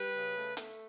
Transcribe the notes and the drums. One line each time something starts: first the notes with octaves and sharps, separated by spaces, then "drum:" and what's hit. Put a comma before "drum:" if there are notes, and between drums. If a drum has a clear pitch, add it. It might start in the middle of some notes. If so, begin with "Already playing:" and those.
Already playing: G3 B4
C#3
A3
A3, drum: hi-hat